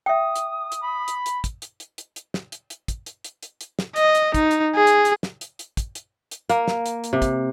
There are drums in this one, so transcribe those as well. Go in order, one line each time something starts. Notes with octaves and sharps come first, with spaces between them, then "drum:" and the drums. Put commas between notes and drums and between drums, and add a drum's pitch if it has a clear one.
E5 G5 D#6
drum: hi-hat
drum: hi-hat
B5
drum: hi-hat
drum: hi-hat
drum: kick, hi-hat
drum: hi-hat
drum: hi-hat
drum: hi-hat
drum: hi-hat
drum: snare
drum: hi-hat
drum: hi-hat
drum: kick, hi-hat
drum: hi-hat
drum: hi-hat
drum: hi-hat
drum: hi-hat
drum: snare
D#5, drum: hi-hat
drum: hi-hat
D#4, drum: kick, hi-hat
drum: hi-hat
G#4
drum: hi-hat
drum: hi-hat
drum: snare
drum: hi-hat
drum: hi-hat
drum: kick, hi-hat
drum: hi-hat
drum: hi-hat
A#3, drum: hi-hat
drum: snare
drum: hi-hat
drum: hi-hat
C3
drum: kick, hi-hat